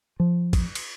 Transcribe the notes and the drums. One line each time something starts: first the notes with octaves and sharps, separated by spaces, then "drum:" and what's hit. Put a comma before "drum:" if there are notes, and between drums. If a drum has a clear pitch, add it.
F3
drum: kick, cymbal
drum: cymbal